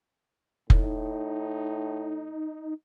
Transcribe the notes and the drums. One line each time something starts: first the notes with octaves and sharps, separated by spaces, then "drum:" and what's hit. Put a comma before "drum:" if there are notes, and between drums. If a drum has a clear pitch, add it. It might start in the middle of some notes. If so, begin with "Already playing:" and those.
A2 D#4, drum: kick F1